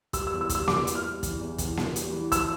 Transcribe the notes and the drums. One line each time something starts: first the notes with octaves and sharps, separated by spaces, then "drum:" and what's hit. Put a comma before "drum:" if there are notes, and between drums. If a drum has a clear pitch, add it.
G3 E6, drum: kick, hi-hat
E6
E2
E6
G3, drum: kick, hi-hat
E6
E2 D6, drum: snare A#3
E2, drum: hi-hat
F6
G3
E3, drum: kick, hi-hat
E2
E2, drum: kick, hi-hat
E2, drum: snare A#3
G3, drum: hi-hat
E3
F3 E6, drum: kick, hi-hat